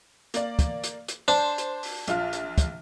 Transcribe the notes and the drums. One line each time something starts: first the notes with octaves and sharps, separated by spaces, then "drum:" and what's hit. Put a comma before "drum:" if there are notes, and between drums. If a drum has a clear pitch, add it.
A#3 D5, drum: hi-hat
drum: kick, hi-hat
drum: hi-hat
drum: hi-hat
D4 C5
drum: hi-hat
drum: open hi-hat
A#1 F4 F6, drum: hi-hat
drum: hi-hat
drum: kick, hi-hat